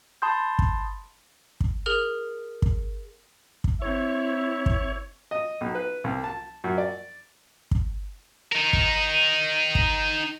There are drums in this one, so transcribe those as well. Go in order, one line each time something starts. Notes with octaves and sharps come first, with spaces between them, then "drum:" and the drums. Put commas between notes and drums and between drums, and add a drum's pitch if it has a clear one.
A5 B5 C6 D#6 G6
drum: kick
drum: kick
G#4 A#4 F6 F7
drum: kick
drum: kick
C4 E4 C#5 E5
drum: kick
D#5
B1
B4
C2
A5
F#2
D5
drum: kick
D#4 A#4
drum: kick
drum: kick